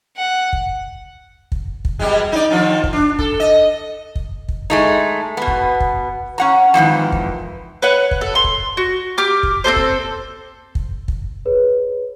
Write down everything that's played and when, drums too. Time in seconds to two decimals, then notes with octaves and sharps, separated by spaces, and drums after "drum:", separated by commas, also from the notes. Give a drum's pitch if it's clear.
0.17 F#5
0.53 drum: kick
1.52 drum: kick
1.85 drum: kick
1.99 B2 G3 G#3
2.32 D#4 D5
2.51 D#3 F3 F4
2.84 drum: kick
2.93 D4
3.19 A4, drum: kick
3.40 D#5
4.16 drum: kick
4.48 drum: kick
4.70 G#3 A3 D#4
5.37 B2 B3
5.47 drum: kick
5.80 drum: kick
6.38 C#4 F#5 A#5
6.74 F2 G#2 D#3 E3
7.12 drum: kick
7.82 B4 C#5 F#5
8.11 drum: kick
8.21 A4
8.35 C6
8.44 drum: kick
8.77 F#4
9.18 G4 D6 F6
9.43 drum: kick
9.64 C4 F4 A4 C5
9.76 drum: kick
10.75 drum: kick
11.08 drum: kick
11.45 G#4 B4 C#5